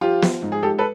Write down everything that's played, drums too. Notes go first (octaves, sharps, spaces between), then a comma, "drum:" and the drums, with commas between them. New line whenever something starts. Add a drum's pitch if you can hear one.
F3 F4 G4
F3, drum: snare
G#2
G#4
G#2 G4 A4
A4 B4